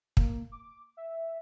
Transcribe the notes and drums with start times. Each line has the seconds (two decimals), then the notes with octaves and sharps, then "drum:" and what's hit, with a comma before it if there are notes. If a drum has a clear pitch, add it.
0.17 A#3, drum: kick
0.52 D6
0.97 E5